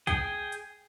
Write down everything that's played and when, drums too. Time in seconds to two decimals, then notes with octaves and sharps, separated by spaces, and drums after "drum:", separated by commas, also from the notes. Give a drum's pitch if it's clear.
0.07 G#4 G5, drum: kick, hi-hat
0.52 drum: hi-hat